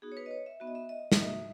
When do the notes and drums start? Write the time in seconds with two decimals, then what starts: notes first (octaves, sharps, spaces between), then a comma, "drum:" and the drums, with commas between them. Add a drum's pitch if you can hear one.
0.02 B3 D#4 F#4 G#4
0.12 C#5
0.17 B4
0.26 D#5
0.31 C#5
0.46 E5
0.60 B3 D#4 F#4 E5
0.67 D#5
0.75 E5
0.89 D#5
1.12 D#5, drum: snare
1.17 A#3 D#4 F#4 E5